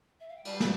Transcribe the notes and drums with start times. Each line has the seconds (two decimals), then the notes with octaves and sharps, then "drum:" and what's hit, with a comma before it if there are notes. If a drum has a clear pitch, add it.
0.20 E5
0.29 F5
0.37 G5
0.45 G3 A5, drum: cymbal
0.60 drum: snare